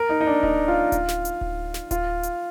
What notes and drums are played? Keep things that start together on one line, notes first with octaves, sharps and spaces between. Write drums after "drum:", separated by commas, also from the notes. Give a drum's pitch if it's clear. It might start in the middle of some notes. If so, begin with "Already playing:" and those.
Already playing: A#4
D#4
D#4
D4
D#4, drum: kick D1
F4
drum: kick D1, hi-hat
drum: snare
drum: hi-hat
drum: kick D1
drum: snare
F4, drum: kick D1, hi-hat
drum: hi-hat